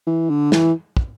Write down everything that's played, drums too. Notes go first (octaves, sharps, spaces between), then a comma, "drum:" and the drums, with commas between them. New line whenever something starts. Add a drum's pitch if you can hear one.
E3
D3
E3, drum: snare
drum: kick